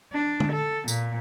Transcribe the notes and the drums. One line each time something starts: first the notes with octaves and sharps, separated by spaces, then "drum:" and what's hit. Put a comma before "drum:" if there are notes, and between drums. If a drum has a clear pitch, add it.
D4
drum: tom
A4
A#2, drum: tambourine